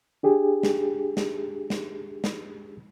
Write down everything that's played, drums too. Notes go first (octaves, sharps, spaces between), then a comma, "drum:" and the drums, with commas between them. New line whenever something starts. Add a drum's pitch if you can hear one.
D4 G4 G#4
drum: snare
drum: snare
drum: snare
drum: snare